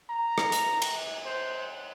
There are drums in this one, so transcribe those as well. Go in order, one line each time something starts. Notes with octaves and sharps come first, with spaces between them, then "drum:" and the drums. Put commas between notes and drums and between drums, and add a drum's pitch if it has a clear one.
A#5
drum: rim click
drum: hi-hat
drum: cymbal
C5